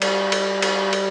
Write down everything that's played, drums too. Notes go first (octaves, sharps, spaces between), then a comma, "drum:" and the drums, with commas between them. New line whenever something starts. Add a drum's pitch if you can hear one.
G3, drum: cymbal
drum: cymbal
drum: cymbal
drum: cymbal